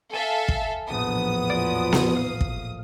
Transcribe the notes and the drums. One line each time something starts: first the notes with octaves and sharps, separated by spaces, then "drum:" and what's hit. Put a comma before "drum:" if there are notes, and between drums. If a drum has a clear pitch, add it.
A4 E5 F5 G#5 A5
drum: kick
A#1 E2 A2 B3 D#6
F3 F#3 D5
drum: snare B3
F5
drum: kick